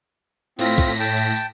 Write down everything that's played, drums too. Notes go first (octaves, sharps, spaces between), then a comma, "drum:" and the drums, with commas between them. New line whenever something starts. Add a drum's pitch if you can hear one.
A2 C4 F4 A#6 B6, drum: tambourine
drum: kick, tambourine
G5 A5, drum: tambourine
drum: tambourine
drum: tambourine